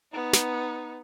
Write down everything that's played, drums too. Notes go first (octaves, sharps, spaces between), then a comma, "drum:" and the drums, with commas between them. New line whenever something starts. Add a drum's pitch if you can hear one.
B3 D#4
drum: snare